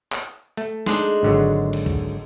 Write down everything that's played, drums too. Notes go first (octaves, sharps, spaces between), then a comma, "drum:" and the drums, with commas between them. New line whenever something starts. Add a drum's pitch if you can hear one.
drum: clap
A3, drum: hi-hat
G#3 D4 D#4, drum: snare
G#1 D3 F#3
drum: cymbal
drum: kick C2